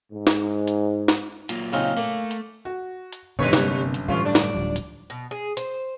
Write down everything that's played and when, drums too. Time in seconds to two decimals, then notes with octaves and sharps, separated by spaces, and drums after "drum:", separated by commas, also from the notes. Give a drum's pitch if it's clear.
0.12 G#2
0.27 drum: snare
0.68 drum: hi-hat
1.08 drum: snare
1.49 F#3 A#3 F4, drum: hi-hat
1.73 C#3 C4 D#4 F5 G#5 F6
1.97 A3 A#3
2.31 drum: hi-hat
2.65 F#4
3.13 drum: hi-hat
3.39 G1 F#2 B2 D#3 G3 B4 C#5
3.53 C3 A#3, drum: snare
3.94 drum: hi-hat
4.08 A2 E3 G3 A3 C#4 F4
4.25 D4 D5
4.35 drum: snare
4.55 D1 F3 G3
4.76 drum: hi-hat
5.10 B2
5.31 G#4
5.57 C5, drum: hi-hat